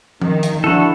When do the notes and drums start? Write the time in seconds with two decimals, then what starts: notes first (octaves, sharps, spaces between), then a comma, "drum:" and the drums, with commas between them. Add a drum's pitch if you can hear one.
0.22 D#3, drum: tom F3
0.43 drum: hi-hat
0.64 F3 D4 E4 F#4 A4